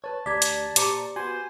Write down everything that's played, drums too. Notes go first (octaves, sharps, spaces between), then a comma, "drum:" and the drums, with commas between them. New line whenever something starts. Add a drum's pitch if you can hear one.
B4 C#5 A5
D2 G4 D5 A#5 G#6 B6
drum: hi-hat
A#2 G4 C5 A#5 D6 C#7, drum: hi-hat
B3 F#4 C5 G#5 C6